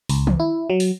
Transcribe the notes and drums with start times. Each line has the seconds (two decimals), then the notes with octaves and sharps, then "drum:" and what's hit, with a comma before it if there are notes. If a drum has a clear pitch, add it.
0.09 C#2, drum: open hi-hat
0.27 drum: tom D#3
0.40 E4
0.70 F#3
0.80 drum: open hi-hat